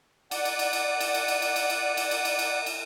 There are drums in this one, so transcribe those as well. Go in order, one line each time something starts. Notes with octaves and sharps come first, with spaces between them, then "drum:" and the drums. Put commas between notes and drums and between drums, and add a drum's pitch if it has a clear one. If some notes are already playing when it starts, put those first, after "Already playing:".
D5 F#5, drum: cymbal
drum: cymbal
drum: cymbal
drum: cymbal
drum: cymbal
drum: cymbal
drum: cymbal
drum: cymbal
drum: cymbal
drum: cymbal
drum: cymbal
drum: cymbal
drum: cymbal
drum: cymbal
drum: cymbal